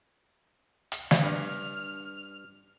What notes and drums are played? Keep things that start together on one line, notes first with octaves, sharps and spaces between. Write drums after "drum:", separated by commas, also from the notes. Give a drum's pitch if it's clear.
drum: hi-hat
drum: snare
G2 F6